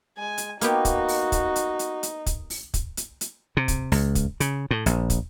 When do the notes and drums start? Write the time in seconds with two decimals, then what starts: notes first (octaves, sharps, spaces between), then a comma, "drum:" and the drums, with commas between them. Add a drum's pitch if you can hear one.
0.18 G#3 G#5
0.38 drum: hi-hat
0.61 A#3 B3 D#4 F#4 G4, drum: hi-hat
0.85 drum: kick, hi-hat
1.08 drum: open hi-hat
1.32 drum: kick, hi-hat
1.56 drum: hi-hat
1.79 drum: hi-hat
2.03 drum: hi-hat
2.26 drum: kick, hi-hat
2.50 drum: open hi-hat
2.74 drum: kick, hi-hat
2.97 drum: hi-hat
3.21 drum: hi-hat
3.57 C3
3.68 drum: kick, hi-hat
3.92 C#2, drum: open hi-hat
4.15 drum: kick, hi-hat
4.40 C#3, drum: hi-hat
4.71 A2
4.86 A#1, drum: hi-hat
5.10 drum: kick, hi-hat